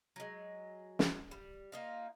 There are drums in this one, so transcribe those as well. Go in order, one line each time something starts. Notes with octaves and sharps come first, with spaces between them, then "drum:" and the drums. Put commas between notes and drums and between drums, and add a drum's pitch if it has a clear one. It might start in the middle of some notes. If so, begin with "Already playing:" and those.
F#3 G#3
drum: snare
G3
A#3 D#4 F4